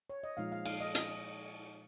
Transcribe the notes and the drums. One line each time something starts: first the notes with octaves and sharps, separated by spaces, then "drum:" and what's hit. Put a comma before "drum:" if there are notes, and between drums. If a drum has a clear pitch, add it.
C#5
D#5
A#2 F3 G#3 D#4 F5
F5
F5, drum: cymbal
D#5
D#5, drum: hi-hat